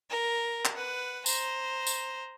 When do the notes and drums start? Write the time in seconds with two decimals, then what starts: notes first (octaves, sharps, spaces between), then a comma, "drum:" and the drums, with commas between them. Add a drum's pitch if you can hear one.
0.10 A#4
0.65 drum: clap
0.76 B4 F#5
1.26 C5 A#5, drum: tambourine
1.87 drum: tambourine